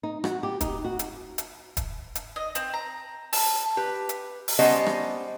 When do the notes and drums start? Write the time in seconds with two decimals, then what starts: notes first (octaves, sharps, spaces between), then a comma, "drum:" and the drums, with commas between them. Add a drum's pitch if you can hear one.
0.03 D#4
0.24 F#4, drum: rim click
0.43 G4
0.61 D#4, drum: kick E1, hi-hat
0.85 F#4
0.99 drum: hi-hat
1.38 drum: hi-hat
1.77 drum: kick E1, hi-hat
2.15 drum: hi-hat
2.36 D#5
2.55 C4, drum: hi-hat
2.74 A#5
3.33 A5, drum: open hi-hat
3.77 G4 B4
4.09 drum: hi-hat
4.48 drum: open hi-hat
4.59 G3 B3 C#4 C5 D#5 A5
4.86 drum: rim click